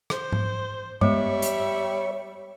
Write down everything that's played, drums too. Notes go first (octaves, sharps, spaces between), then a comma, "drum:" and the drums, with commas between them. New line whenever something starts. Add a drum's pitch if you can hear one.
C5, drum: rim click
drum: tom G#2
G3 G#3 B3 C#5 E5, drum: tom G2
drum: hi-hat